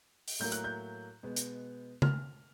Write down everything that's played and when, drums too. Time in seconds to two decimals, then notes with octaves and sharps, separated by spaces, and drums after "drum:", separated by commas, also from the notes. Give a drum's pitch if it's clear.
0.28 drum: open hi-hat
0.39 A2 F#3 A#3 G6
0.52 F#6, drum: hi-hat
0.64 G6
1.23 B2 G#3 B3
1.36 drum: hi-hat
2.02 F6, drum: tom C#3